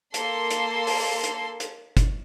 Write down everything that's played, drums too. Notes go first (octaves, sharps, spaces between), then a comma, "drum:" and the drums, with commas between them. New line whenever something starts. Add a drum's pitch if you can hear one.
A#3 A4 C6, drum: hi-hat
drum: hi-hat
drum: open hi-hat
drum: hi-hat
drum: hi-hat
drum: kick, hi-hat